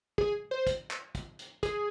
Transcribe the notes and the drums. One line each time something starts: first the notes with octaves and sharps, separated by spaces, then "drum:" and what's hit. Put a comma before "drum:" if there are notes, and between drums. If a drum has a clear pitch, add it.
G#4, drum: kick
C5
drum: kick, hi-hat
drum: clap
drum: kick, hi-hat
drum: hi-hat
G#4, drum: kick, hi-hat